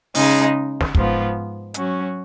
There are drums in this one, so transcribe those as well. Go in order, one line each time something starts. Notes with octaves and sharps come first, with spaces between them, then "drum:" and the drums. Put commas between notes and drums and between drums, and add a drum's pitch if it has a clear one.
C#3 G#3 D#4, drum: open hi-hat
drum: snare
G#2 F3 B3 F4, drum: kick
F#3 C#4 F#4, drum: hi-hat